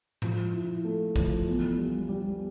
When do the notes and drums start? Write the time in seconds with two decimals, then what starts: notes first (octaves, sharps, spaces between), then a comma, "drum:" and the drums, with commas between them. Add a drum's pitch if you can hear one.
0.22 F3, drum: tom A2
0.53 E4
0.85 A3
1.16 F3, drum: kick
1.47 E2
1.78 G3
2.09 G3